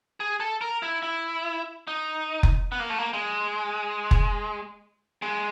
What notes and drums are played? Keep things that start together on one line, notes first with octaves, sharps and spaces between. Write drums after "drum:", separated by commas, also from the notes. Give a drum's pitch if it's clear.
G#4
A4
A#4
E4
E4
D#4
drum: kick F1
B3
A#3
A3
A#3
G#3
drum: kick F1
G#3